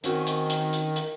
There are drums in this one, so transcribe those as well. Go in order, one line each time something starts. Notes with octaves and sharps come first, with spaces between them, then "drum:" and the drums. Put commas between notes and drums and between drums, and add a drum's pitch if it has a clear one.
D#3 C4 C#4 F#4, drum: hi-hat
drum: hi-hat
drum: hi-hat
drum: hi-hat
drum: hi-hat